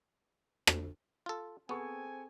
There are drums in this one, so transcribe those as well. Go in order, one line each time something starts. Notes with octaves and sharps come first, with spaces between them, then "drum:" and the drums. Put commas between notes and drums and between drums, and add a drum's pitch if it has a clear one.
drum: rim click
F4 A4
B3 C4 G#4 A4 G#5 C#6